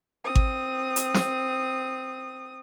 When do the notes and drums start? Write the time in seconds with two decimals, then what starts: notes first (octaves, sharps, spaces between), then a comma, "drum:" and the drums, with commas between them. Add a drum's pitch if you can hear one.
0.25 C4 D#6
0.35 drum: kick G#1
0.96 drum: hi-hat
1.14 drum: snare